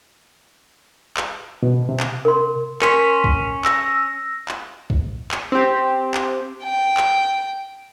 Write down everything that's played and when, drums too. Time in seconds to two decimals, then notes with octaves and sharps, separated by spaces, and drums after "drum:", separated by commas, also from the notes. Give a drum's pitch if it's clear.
1.17 drum: clap
1.63 B2
1.89 C3
2.00 drum: clap
2.25 A#4 C6
2.82 C#4 A#4 C6 B6, drum: clap
3.24 drum: kick
3.65 E6 A#6, drum: clap
4.48 drum: clap
4.90 drum: kick
5.31 drum: clap
5.52 C4 G4
6.14 drum: clap
6.64 G5
6.97 drum: clap